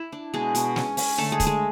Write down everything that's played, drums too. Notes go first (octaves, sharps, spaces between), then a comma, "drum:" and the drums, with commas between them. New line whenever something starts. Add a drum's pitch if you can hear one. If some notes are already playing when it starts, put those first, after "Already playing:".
Already playing: E4
D4
B2 G#3 G#4
B2, drum: hi-hat
C#4, drum: snare
C#4, drum: open hi-hat
D3 A3 A4
G#3 G#4
A3, drum: kick, hi-hat
G#3 G#4